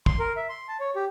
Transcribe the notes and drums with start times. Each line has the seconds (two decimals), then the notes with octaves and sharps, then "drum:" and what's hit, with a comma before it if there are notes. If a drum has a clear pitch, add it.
0.06 C6, drum: kick
0.19 A#4
0.36 E5
0.49 C6
0.68 A5
0.80 C#5
0.96 G4